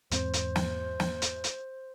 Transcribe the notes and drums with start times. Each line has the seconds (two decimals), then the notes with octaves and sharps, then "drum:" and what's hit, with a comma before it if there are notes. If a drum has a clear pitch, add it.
0.11 E2 G#2 C4 C5, drum: hi-hat
0.33 drum: hi-hat
0.56 drum: snare
1.00 drum: snare
1.22 drum: hi-hat
1.44 drum: hi-hat